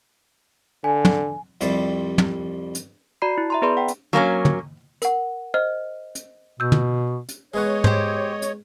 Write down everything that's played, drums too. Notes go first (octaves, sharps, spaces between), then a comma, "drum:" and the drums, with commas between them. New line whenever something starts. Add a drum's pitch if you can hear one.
D3 G#5
drum: tom
C2 F2 G3 C5 D5 E5, drum: hi-hat
drum: tom
drum: hi-hat
F#4 D5 A#5 B5 C7
E4
E5 A#5 C6
B3 G#4 B4 D5 B5 C6
F#5 G5
drum: hi-hat
F#3 A#3 C4 C#4
drum: tom
A#4 F#5, drum: hi-hat
C5 D#5 F6
drum: hi-hat
B2 E6 G6
drum: tom
drum: hi-hat
G#3 B3 C#5 D#5 F#5
G4 C5, drum: tom
drum: hi-hat